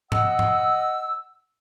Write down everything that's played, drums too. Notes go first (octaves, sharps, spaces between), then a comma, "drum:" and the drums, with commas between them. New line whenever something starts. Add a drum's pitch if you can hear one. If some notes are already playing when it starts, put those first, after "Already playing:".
D#5 F#5 E6, drum: tom G#2
drum: tom G#2